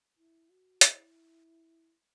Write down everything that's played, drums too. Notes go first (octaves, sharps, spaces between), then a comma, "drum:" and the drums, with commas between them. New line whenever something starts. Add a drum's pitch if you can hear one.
E4
F#4
E4, drum: hi-hat